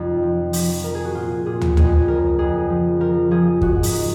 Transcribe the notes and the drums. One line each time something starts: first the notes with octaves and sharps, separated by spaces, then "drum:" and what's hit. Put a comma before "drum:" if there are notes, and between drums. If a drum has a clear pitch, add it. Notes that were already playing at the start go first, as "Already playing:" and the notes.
Already playing: F2 C3 D#4 F4
F3
F3, drum: open hi-hat
F3 A#4
G#4
F#4
A#2 F4
A#2 G#4
drum: tom
F2 G#4, drum: tom
C#3 A#4
F2 G#4
F3
F3 A#4
F3 G#4
G#2 F#4, drum: kick
D#4, drum: open hi-hat